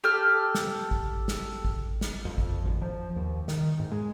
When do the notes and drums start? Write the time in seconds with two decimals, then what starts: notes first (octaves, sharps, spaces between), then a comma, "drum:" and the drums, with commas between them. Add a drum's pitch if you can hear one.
0.04 G4 A4 F6
0.55 drum: snare
0.91 drum: kick G#1
1.28 drum: snare
1.65 drum: kick G#1
2.01 drum: snare
2.25 F2
2.38 drum: kick G#1
2.65 G#1
2.81 F3
3.16 D#2
3.48 D#3, drum: snare
3.80 G#2
3.91 G#3